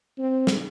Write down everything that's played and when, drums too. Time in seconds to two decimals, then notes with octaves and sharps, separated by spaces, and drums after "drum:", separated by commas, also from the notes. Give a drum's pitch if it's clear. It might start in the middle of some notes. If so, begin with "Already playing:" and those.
0.18 C4
0.47 drum: snare